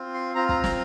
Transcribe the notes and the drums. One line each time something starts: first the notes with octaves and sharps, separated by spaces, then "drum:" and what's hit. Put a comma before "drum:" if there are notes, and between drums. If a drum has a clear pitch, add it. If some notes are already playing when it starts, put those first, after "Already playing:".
Already playing: C4 F4
C6
C4 F4 A#5
A#5, drum: kick
A#5, drum: snare